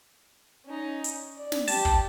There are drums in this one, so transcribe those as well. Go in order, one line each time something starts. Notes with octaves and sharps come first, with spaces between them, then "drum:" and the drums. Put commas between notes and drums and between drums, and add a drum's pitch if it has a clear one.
C#4 D#4
drum: hi-hat
D5
drum: snare
G4 A5, drum: open hi-hat
drum: kick